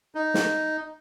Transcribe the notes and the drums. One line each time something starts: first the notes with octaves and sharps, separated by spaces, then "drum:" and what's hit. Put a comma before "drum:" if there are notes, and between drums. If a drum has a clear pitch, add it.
D#4
drum: snare